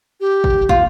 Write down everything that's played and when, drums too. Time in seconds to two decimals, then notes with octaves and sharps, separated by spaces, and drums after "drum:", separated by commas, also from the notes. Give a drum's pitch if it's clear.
0.20 G4
0.44 drum: kick
0.69 F4, drum: kick